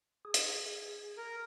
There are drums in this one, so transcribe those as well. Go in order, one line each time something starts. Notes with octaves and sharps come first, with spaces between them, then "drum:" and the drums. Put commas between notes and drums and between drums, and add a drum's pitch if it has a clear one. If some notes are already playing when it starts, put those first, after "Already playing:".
G#4
drum: hi-hat
A#4